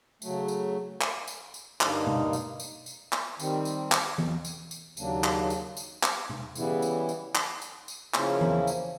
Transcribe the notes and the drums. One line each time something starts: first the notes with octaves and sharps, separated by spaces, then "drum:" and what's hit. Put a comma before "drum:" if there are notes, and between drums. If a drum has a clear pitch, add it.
C#3 F#3 A3, drum: tambourine
drum: tambourine
drum: clap
drum: tambourine
drum: tambourine
G2 D3 G3 A#3 D#4, drum: clap
drum: tom B2
drum: tambourine
drum: tambourine
drum: tambourine
drum: clap
D#3 G3 C4, drum: tambourine
drum: tambourine
drum: clap
drum: tom E3
drum: tambourine
drum: tambourine
D#2 C#3 F#3 A#3 D4, drum: tambourine
drum: clap
drum: tambourine
drum: tambourine
drum: clap
drum: tom B2
C#3 E3 G3 B3 E4, drum: tambourine
drum: tambourine
drum: tambourine
drum: clap
drum: tambourine
drum: tambourine
C#3 F3 A#3 C#4 E4, drum: clap
drum: tom E3
drum: tambourine